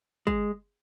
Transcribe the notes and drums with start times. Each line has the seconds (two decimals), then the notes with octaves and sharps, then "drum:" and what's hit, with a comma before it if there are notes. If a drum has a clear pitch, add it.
0.27 G#3, drum: kick